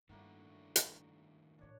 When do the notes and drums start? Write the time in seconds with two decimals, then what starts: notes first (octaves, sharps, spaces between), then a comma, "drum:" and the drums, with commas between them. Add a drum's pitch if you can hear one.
0.09 G2 D3 D#3 G3 A3 A#3 E4 F#4
0.76 drum: hi-hat
1.59 A#1 A2 D4 C#5